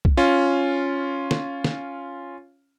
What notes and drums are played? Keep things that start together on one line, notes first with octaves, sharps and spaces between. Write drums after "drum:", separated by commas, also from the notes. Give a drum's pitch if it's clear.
drum: kick
C#4 F4
drum: snare
drum: snare